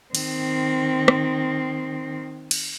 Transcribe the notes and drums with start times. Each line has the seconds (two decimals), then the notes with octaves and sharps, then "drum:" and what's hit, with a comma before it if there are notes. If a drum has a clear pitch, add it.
0.15 D#3 C4, drum: cymbal
1.08 drum: rim click
2.51 drum: cymbal